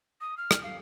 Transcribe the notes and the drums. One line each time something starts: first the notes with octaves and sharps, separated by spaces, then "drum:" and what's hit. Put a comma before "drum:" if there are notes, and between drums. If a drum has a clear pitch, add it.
D#6
F6
drum: rim click
F5